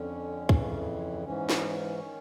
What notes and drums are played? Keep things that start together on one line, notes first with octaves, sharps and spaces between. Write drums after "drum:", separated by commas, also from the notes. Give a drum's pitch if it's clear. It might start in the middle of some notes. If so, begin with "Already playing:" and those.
Already playing: F2 D3 C#4
F2 C#3 E3, drum: kick
G#2 E3 C#4
drum: snare
D#3